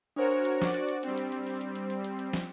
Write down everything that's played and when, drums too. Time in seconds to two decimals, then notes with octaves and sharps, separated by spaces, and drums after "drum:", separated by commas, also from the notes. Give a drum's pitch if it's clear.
0.16 D4 F#4 A#4 C5 C#5
0.45 drum: hi-hat
0.62 F#4 D5, drum: snare
0.74 drum: hi-hat
0.89 drum: hi-hat
1.03 G3 C4, drum: hi-hat
1.18 drum: hi-hat
1.32 drum: hi-hat
1.47 drum: open hi-hat
1.61 drum: hi-hat
1.75 drum: hi-hat
1.90 drum: hi-hat
2.04 drum: hi-hat
2.19 drum: hi-hat
2.33 drum: snare